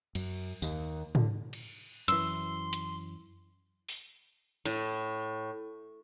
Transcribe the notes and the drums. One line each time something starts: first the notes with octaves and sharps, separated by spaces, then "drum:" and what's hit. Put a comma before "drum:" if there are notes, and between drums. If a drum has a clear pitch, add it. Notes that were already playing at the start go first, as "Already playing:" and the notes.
F#2, drum: cymbal
D#2, drum: tambourine
D3, drum: tom
drum: cymbal
F#2 E3 C6 E6, drum: hi-hat
drum: hi-hat
drum: open hi-hat
A2, drum: hi-hat